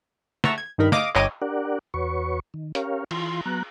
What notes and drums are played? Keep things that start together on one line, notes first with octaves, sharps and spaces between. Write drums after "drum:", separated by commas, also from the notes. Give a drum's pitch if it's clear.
E5 F#5 A5 A#5 C#6 E6, drum: snare
G#6
G2 D#3 D#4 A#4 B5
D#5 F5 D6 D#6 D7 D#7, drum: snare
G1 C#5 D#5 G5 D6 D#7, drum: clap
D4 G4 A#4 D5 F#5
E2 F#4 B4 C#5 C#6
D#3
C#4 G4 A#4 C#5 F5, drum: hi-hat
E3 F4 C6, drum: cymbal
F#3 B3 A#5 F#6